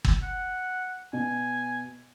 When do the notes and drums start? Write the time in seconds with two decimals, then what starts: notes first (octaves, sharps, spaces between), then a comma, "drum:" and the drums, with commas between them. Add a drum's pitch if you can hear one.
0.05 drum: kick G1
0.23 F#5
1.13 B2 G#5